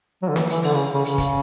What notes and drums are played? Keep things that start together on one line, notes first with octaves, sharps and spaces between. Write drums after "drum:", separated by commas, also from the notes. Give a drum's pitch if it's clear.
F#3
D3
E3, drum: snare
E3, drum: hi-hat
D3, drum: open hi-hat
C#3
C#3
C#3, drum: hi-hat
drum: kick, hi-hat